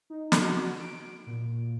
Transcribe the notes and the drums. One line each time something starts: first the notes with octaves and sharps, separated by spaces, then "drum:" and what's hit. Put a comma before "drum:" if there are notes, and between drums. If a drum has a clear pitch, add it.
D#4
drum: snare
F#4
D7
A#2